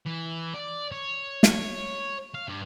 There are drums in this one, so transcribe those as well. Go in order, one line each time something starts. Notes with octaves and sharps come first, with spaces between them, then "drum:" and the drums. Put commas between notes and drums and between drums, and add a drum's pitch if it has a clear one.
E3
D5
C#5
drum: snare
F5
G2